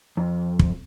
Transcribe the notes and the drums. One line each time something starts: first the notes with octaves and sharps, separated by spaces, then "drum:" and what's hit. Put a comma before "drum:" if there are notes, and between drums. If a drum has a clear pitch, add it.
F2
drum: kick